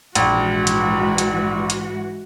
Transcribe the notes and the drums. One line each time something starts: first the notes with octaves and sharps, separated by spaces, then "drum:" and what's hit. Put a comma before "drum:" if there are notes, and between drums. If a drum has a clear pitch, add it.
A#1 G#2 E3 F#4, drum: hi-hat
drum: hi-hat
drum: hi-hat
drum: hi-hat